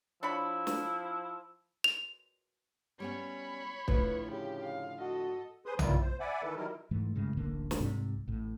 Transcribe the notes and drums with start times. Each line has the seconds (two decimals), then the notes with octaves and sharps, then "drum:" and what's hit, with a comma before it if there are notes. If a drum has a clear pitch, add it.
0.23 F3 D4 E4 C#5 B5
0.67 drum: snare
1.84 F7
3.00 G3 B3 C#4 C#5 B5
3.88 A2 D3 F3 B4, drum: kick
4.31 C#3 G4
4.63 F5
5.00 F#4 A4 D#5
5.66 G#4 B4 C5 C6 D#6
5.79 B2 D#3 F#3 G3 E4 F4, drum: tom B1
6.02 C5
6.20 D5 E5 F#5 G#5 B5 D6
6.43 D#3 E3 A4 B4
6.56 D#3 F#3 G3 E4 A#4
6.91 G#2 E3 A3
7.16 F#2 A2 C#3 G#3
7.37 D1 A1 D3 A#3
7.71 drum: snare
7.80 C2 G#2 C3 G3
8.28 A1 A2